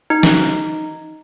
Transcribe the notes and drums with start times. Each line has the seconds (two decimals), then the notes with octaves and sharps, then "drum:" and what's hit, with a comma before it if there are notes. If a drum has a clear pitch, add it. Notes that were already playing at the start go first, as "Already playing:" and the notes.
0.10 D#4
0.23 drum: snare